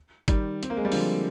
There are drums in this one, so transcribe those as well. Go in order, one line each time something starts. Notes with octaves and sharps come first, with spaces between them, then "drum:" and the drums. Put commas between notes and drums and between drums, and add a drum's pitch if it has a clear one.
D#3 G3, drum: kick, hi-hat
C4, drum: hi-hat
A#3
G#3
G3
D3 F3, drum: open hi-hat